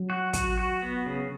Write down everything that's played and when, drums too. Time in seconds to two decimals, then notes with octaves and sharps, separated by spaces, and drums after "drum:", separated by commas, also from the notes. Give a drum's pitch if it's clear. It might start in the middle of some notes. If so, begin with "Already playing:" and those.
Already playing: F#3
0.10 F#4
0.33 F#4, drum: kick, hi-hat
0.58 F#4
0.82 B3
1.06 C#3